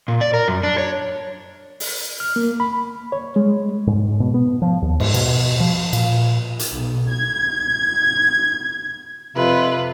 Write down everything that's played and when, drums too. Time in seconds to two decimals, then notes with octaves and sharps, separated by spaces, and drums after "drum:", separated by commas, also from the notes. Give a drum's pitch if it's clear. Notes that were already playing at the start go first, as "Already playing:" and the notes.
0.08 A#2
0.21 D5
0.34 A#4
0.48 F#2
0.63 D4
0.78 C#5
1.80 drum: open hi-hat
2.20 F6
2.36 A#3
2.60 B5
3.12 C#5
3.36 G#3
3.87 G#2
4.20 B2
4.34 B3
4.62 F3
4.82 D#2
5.00 G#2, drum: cymbal
5.14 B2, drum: cymbal
5.60 F3
5.93 A#2, drum: cymbal
6.59 drum: hi-hat
6.72 B1
7.08 G#6
9.36 F2 C3 F4 B4